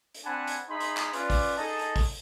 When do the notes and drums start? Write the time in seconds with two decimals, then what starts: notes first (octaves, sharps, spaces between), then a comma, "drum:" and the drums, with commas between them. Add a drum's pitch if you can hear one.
0.14 drum: hi-hat
0.25 C4 D4 F#5 G#5 A5 B5
0.47 drum: hi-hat
0.70 D#4 G#4 E5 B5 C6
0.80 drum: hi-hat
0.97 drum: clap
1.13 C#4 F4 B4 D5, drum: hi-hat
1.30 drum: kick, open hi-hat
1.58 D#4 G#4 A4 D#5 A5
1.79 drum: hi-hat
1.96 drum: kick, open hi-hat